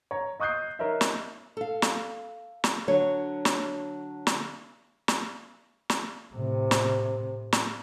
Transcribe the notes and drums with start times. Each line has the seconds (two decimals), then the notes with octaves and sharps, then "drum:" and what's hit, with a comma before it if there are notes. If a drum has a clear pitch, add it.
0.11 C#5 A#5
0.40 D#5 C#6 D#6 F#6 G6 C7
0.79 D#4 A#4 C#5 D#5 E5
1.01 drum: snare
1.57 A4 F5
1.82 drum: snare
2.64 drum: snare
2.88 D3 F#3 C#5
3.45 drum: snare
4.27 drum: snare
5.08 drum: snare
5.90 drum: snare
6.34 A2 C3
6.71 drum: snare
7.52 drum: snare